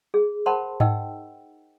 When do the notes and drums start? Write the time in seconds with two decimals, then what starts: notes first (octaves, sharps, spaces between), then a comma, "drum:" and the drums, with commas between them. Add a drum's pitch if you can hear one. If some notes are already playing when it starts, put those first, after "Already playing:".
0.14 G#4
0.46 A#4 C5 F#5 A5 B5 C6
0.80 D#4 D#5 F#5 G5 E6, drum: tom G#2